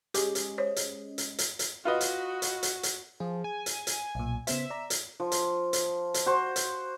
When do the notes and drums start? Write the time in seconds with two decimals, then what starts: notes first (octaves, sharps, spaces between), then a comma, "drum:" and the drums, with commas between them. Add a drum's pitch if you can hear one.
0.14 G#3 C#4 G4 D#5 D6, drum: hi-hat
0.35 drum: hi-hat
0.58 C5 C#5
0.76 drum: hi-hat
1.18 drum: hi-hat
1.38 drum: hi-hat
1.59 drum: hi-hat
1.85 F4 F#4 B4 D#5
2.01 drum: hi-hat
2.42 drum: hi-hat
2.63 drum: hi-hat
2.83 drum: hi-hat
3.20 F3 G#4
3.44 G#5
3.66 drum: hi-hat
3.87 drum: hi-hat
4.15 B1 A#2
4.47 C#3 B3 C5 E5, drum: hi-hat
4.70 D5 A#5
4.90 drum: hi-hat
5.20 F3
5.32 drum: hi-hat
5.73 drum: hi-hat
6.14 drum: hi-hat
6.26 F#4 C5
6.56 drum: hi-hat